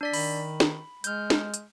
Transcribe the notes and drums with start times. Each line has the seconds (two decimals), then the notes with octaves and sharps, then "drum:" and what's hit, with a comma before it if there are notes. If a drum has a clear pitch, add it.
0.01 D4 D5 B6
0.14 D#3 B5, drum: open hi-hat
0.60 drum: snare
1.04 G#3 F6 G6, drum: hi-hat
1.30 drum: snare
1.54 drum: hi-hat